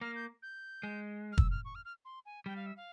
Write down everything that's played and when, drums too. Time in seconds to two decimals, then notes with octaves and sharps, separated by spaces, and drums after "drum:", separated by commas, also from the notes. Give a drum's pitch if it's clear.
0.01 A#3 F6
0.16 G6
0.42 G6
0.83 G#3
1.32 F6
1.38 E6, drum: kick
1.51 F6
1.65 C#6
1.75 F6
1.85 F6
2.05 C6
2.26 G#5
2.46 G3 G5
2.56 F5
2.66 E5
2.77 F5